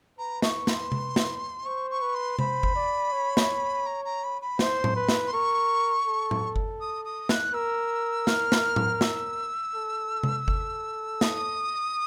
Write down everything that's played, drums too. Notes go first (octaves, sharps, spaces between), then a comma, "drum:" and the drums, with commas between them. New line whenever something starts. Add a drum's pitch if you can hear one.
B4 A#5
C#6, drum: snare
C6, drum: snare
drum: tom C3
drum: snare
C5 C#6
C#6
B4
C6
C5 B5, drum: tom C3
drum: kick G1
D5
C#5
drum: snare
A#5
A#5
B5
B5
C5 C6, drum: snare
drum: tom A2
B4
drum: snare
C6
A#4 C#6
A4
drum: tom A2
drum: kick G1
D#6
D#6
F#6, drum: snare
A#4 E6
F6, drum: snare
drum: snare
drum: tom A2
E6, drum: snare
A4
drum: tom C3
A4, drum: kick G1
D#6, drum: snare